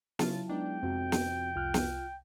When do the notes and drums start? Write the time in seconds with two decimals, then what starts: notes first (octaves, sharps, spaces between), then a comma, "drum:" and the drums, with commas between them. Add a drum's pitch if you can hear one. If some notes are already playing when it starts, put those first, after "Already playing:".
0.19 C#3 F#3 E4 F4 A5 A6, drum: snare
0.49 G#3 B3 D4 D#4 G5
0.83 F2 C3 C4 F#4
1.12 drum: snare
1.56 C2 F4 F6 F#6
1.74 drum: snare